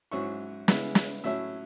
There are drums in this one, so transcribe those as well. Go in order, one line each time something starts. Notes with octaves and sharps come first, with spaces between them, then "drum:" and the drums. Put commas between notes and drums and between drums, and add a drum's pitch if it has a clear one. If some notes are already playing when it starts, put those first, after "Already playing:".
G#2 F#3 C#4 E4 C#6
C#3 G#3 B3 E4, drum: snare
drum: snare
A2 F#3 C#4 E4 E5